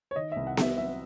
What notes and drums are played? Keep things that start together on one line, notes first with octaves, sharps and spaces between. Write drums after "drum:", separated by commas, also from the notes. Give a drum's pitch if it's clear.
C#5
D#3 D#5
C2 E5
F#5
C3 E5, drum: snare B3
F#3 E5